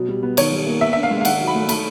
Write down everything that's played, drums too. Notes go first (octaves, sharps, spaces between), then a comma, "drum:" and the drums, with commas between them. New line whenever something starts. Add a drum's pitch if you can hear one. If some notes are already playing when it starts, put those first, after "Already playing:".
Already playing: B2 F#3
G3
B3
D#3 C#5, drum: cymbal
G3
A#3
B3 E5
D4 E5
F5
G#3
F5
D#3 F#5, drum: cymbal
F#3
B5
A3
A3 B5, drum: cymbal